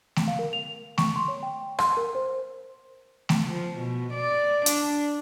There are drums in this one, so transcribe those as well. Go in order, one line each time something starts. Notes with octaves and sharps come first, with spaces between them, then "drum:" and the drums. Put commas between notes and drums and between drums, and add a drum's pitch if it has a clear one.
drum: snare A3
F5
A#4
F7
C#6, drum: snare A3
C6
C#5
G5
C6, drum: rim click
A#4
C5
drum: snare A3
F3
B2
D5
D4, drum: hi-hat